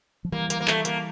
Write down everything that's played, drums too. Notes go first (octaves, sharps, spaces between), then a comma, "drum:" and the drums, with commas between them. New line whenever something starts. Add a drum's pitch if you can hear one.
F3
E3 G3 A#3
A#3, drum: hi-hat
A#3
A3, drum: clap
A#3, drum: hi-hat